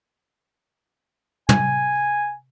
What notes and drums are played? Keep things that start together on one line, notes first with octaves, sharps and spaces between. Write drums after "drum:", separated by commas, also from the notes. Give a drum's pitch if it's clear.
G#5, drum: tom